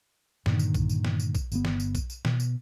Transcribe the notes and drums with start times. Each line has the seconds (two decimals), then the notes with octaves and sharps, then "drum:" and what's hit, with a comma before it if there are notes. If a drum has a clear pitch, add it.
0.46 G2 A#2 D3 D#3, drum: snare
0.59 drum: tambourine
0.74 drum: kick A#1, tambourine
0.89 drum: tambourine
1.05 drum: snare
1.20 drum: tambourine
1.35 drum: kick A#1, tambourine
1.52 G1 B2 B3, drum: tambourine
1.65 drum: snare
1.80 drum: tambourine
1.95 drum: kick A#1, tambourine
2.10 drum: tambourine
2.25 B2, drum: snare
2.40 drum: tambourine